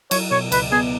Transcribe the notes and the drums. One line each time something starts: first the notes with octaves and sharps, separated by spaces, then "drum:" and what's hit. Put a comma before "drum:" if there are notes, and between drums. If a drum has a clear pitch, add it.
F#3 C#5, drum: cymbal
B2 C#5
C#2 B4, drum: cymbal
B3 G#4